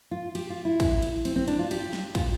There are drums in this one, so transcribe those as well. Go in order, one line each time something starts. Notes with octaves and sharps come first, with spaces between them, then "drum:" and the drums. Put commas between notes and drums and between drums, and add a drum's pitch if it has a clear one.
F4
G4, drum: cymbal
F4
E4
drum: kick, cymbal
drum: cymbal
C4, drum: cymbal
C4
D4, drum: cymbal
F4
G4, drum: cymbal
drum: snare
F4, drum: kick, cymbal